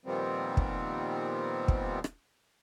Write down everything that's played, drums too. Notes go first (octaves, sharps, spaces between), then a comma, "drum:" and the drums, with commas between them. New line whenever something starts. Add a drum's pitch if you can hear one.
A#2 D#3 F3 G3 B3 C4
drum: kick
drum: kick
drum: rim click